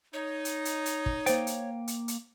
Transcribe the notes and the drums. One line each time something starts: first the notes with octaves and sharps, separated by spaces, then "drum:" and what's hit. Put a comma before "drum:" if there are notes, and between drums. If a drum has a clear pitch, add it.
D#4 C#5
drum: hi-hat
drum: hi-hat
drum: hi-hat
drum: kick
A#3 C5 G5, drum: hi-hat
drum: hi-hat
drum: hi-hat
drum: hi-hat